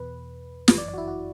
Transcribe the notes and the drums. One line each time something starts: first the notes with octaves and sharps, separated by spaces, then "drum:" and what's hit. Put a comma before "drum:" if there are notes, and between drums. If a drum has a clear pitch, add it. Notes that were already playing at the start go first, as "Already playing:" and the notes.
Already playing: E2 B2 B4
G1 F#2 E3 B4, drum: snare
D5
D5
F#4
E4
F#4